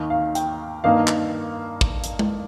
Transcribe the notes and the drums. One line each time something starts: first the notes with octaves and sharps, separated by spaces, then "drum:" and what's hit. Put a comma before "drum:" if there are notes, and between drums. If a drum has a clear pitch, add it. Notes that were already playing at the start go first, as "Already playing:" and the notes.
Already playing: D#2 D#3 A#3
F5
G5, drum: hi-hat
G2 D#3 A#3 D#4 F5
drum: clap
drum: kick
drum: hi-hat
drum: tom G#3